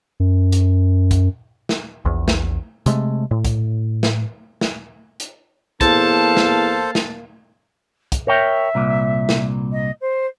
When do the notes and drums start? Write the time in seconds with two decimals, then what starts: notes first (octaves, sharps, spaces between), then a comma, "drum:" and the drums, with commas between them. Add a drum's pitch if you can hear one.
0.20 F#2
0.52 drum: hi-hat
1.11 drum: kick, hi-hat
1.69 drum: snare
2.05 A#1 E2
2.28 drum: snare
2.86 C3 G#3 A3, drum: hi-hat
3.31 A2
3.45 drum: kick, hi-hat
4.03 drum: snare
4.61 drum: snare
5.20 drum: hi-hat
5.81 E2 A#3 A4 C5 F5 A5, drum: kick, hi-hat
6.37 drum: snare
6.95 drum: snare
8.12 drum: kick, hi-hat
8.27 A#4 C#5 E5 G5
8.75 C2 A#2
9.29 drum: snare
9.72 D#5
10.01 C5